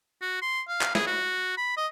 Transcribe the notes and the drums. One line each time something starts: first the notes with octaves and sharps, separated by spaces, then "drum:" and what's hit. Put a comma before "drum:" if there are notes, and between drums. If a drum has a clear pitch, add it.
F#4
C6
F5
drum: clap
G#4, drum: snare
F#4
B5
D#5